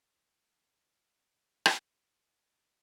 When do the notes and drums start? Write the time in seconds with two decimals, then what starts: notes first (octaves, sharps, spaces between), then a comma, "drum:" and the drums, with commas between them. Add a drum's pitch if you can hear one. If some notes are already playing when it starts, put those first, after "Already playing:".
0.24 E3 G#3
1.66 drum: rim click